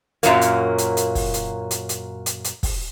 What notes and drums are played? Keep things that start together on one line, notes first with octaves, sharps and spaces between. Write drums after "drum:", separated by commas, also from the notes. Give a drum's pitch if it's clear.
F#2 A#2 F#3 A#3, drum: hi-hat
drum: hi-hat
drum: hi-hat
drum: hi-hat
drum: kick, open hi-hat
drum: hi-hat
drum: hi-hat
drum: hi-hat
drum: hi-hat
drum: hi-hat
drum: kick, open hi-hat